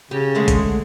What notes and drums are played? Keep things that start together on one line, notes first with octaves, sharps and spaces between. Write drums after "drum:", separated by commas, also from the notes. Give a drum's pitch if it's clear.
C#3 G4
D3 G#3 A3
drum: kick A1, hi-hat